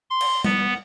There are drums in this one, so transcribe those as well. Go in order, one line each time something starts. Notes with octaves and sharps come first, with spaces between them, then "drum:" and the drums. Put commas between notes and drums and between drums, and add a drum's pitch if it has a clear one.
C6
drum: cymbal
B3, drum: tom G3